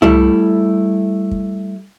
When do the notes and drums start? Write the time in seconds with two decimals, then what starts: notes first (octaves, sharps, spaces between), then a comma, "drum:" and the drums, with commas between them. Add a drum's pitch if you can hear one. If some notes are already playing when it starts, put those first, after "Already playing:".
0.02 G3 A3 E4, drum: tom
1.31 drum: kick